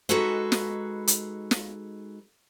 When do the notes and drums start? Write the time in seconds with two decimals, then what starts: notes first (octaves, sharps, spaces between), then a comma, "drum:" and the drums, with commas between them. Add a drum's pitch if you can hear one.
0.09 G#3 D#4 F#4 G#4 A4 B4
0.52 drum: snare
1.07 drum: hi-hat
1.51 drum: snare